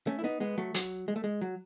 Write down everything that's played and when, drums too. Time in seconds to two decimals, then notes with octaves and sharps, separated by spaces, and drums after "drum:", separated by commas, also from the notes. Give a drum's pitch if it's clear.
0.07 A3 C#4
0.19 E4
0.24 B3 D#4
0.40 G#3 B3
0.58 F#3 A3
0.74 F#3, drum: hi-hat
1.08 G#3
1.16 A3
1.24 G#3
1.41 F#3